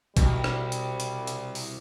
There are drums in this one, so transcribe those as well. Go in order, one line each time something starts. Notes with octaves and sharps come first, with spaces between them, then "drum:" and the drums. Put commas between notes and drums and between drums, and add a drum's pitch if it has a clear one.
C2 B2 G3, drum: kick A1, hi-hat
drum: rim click
drum: hi-hat
drum: hi-hat
drum: hi-hat
drum: open hi-hat